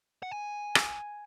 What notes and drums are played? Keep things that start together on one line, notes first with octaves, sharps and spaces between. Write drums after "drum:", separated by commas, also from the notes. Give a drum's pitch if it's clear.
F#5
G#5
drum: rim click